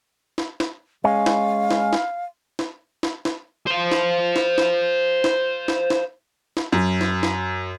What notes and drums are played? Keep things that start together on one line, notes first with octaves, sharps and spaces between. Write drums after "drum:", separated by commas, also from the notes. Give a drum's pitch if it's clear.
drum: snare
drum: snare
G#3 C#4 F5
drum: snare
drum: snare
drum: snare
drum: snare
drum: snare
drum: snare
C5 F5
drum: snare
drum: snare
drum: snare
drum: snare
drum: snare
drum: snare
drum: snare
F#2
drum: snare
drum: snare